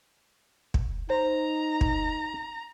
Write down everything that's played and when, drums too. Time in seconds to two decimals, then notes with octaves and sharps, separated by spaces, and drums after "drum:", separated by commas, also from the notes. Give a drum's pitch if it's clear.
0.74 drum: kick
1.10 D#4 C5 A#5
1.81 drum: kick